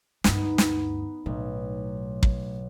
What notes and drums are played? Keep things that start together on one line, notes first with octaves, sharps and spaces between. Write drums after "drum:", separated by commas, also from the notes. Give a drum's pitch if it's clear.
D2 G2 B3 D#4, drum: snare
drum: snare
B1 A2
drum: kick